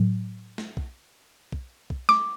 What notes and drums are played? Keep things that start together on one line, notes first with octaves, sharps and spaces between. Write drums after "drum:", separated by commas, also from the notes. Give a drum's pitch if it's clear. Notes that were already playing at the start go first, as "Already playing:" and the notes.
Already playing: A2 F#3
drum: snare
drum: kick
drum: kick
drum: kick
D6, drum: snare